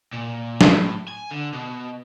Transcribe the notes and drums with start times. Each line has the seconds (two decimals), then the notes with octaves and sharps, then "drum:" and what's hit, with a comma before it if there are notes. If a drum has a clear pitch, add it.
0.14 A#2
0.61 A2, drum: snare
1.08 G#5
1.31 D3
1.54 B2